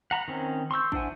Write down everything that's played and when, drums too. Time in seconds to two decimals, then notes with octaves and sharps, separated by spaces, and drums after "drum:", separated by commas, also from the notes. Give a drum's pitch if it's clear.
0.11 F#5 A#5 B5
0.28 D#3 C4 C#4
0.71 C6 C#6 E6 G6
0.92 D4 E4 C5 F#5 G#5, drum: kick